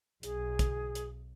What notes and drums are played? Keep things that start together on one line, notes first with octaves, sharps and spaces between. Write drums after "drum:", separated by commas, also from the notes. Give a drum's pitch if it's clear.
B1 G#4, drum: hi-hat
drum: kick, hi-hat
drum: hi-hat